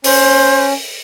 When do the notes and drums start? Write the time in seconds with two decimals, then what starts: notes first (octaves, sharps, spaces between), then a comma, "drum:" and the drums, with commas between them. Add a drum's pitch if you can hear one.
0.04 C#4 C5, drum: open hi-hat